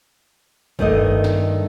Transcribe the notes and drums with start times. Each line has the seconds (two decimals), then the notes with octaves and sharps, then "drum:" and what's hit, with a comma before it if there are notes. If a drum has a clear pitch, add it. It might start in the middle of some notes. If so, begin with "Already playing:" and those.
0.79 G2 D#3 A3 D#5, drum: kick
1.24 drum: snare